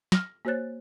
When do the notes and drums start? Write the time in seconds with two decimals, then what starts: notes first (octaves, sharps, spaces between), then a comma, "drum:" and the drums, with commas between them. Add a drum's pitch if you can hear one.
0.12 F6 A#6, drum: snare
0.45 A#3 F#4 C5 C#5 F#6 A6